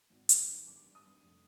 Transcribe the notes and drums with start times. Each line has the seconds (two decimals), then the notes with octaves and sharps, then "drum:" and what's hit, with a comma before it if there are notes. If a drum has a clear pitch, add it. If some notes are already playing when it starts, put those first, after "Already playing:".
0.10 G#1
0.29 G3, drum: hi-hat
0.48 D#3
0.66 G2 D6
0.85 G3
0.95 D#6
1.04 G2
1.22 F1